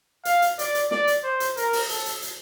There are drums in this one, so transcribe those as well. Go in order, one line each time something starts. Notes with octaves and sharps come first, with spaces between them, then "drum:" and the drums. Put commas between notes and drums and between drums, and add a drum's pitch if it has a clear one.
F5, drum: hi-hat
drum: hi-hat
D5, drum: hi-hat
drum: hi-hat
D5, drum: snare
drum: hi-hat
C5
drum: hi-hat
A#4, drum: hi-hat
drum: open hi-hat
A4, drum: hi-hat
drum: hi-hat
drum: hi-hat